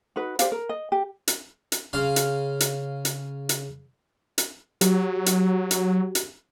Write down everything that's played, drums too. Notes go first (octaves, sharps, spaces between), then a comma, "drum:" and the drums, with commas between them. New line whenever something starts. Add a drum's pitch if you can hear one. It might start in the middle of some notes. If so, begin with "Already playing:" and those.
D#4 F#4 B4
G4 C5 D5 F5, drum: hi-hat
A#4
D#5
G4
drum: hi-hat
drum: hi-hat
C#3 F5 C6
drum: hi-hat
drum: hi-hat
drum: hi-hat
drum: hi-hat
drum: hi-hat
F#3 F#4 G4, drum: hi-hat
drum: hi-hat
drum: hi-hat
drum: hi-hat